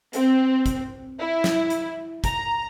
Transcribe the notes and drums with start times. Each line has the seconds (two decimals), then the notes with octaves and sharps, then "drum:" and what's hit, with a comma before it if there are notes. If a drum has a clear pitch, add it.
0.13 C4, drum: hi-hat
0.66 drum: kick, hi-hat
1.18 E4
1.44 drum: snare
1.70 drum: hi-hat
2.24 A#5, drum: kick, hi-hat